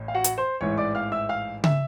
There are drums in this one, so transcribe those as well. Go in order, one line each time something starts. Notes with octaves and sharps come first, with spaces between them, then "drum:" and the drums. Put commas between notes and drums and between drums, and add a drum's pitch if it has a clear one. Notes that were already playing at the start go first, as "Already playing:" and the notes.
Already playing: A1 A2
F5
F#4 F#5
drum: hi-hat
C5 C6
A1 G#2 E3 C#5 C#6
D5 D6
F5 F6
E5 E6
F5 F6
E5 E6, drum: tom C#3